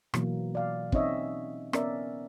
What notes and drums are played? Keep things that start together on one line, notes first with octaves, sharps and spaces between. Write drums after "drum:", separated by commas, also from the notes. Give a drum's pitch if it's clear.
B2 E3 F#3 A#3, drum: rim click
D5 F5
C4 C#4 D#4 C#5 D#5 E5, drum: kick
B3 C#4 A#4 D5 E5, drum: rim click